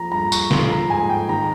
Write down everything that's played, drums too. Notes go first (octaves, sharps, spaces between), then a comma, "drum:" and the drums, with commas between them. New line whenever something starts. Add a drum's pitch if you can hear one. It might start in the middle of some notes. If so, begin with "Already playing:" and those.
Already playing: F3 A#5
G2 A#5
C#6, drum: tambourine
F3 C6, drum: snare
A#5
G#2 G#5
G5
D#3 A#5